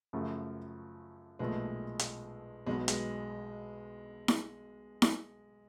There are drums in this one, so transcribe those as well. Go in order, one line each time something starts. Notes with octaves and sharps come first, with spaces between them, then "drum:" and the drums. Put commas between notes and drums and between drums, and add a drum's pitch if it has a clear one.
F#2 C#3 F3 A3
B1 A#2 F3 G#3 A3
drum: hi-hat
B1 B2 F#3 G#3 B3
G#3, drum: hi-hat
drum: snare E4
drum: snare E4